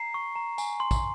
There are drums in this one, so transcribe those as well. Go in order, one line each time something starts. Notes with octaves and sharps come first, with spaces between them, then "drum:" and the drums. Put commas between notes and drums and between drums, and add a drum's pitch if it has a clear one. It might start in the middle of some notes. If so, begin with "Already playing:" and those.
Already playing: A#5 C7
C#6
A#5
G#5, drum: tambourine
C6
drum: kick, tambourine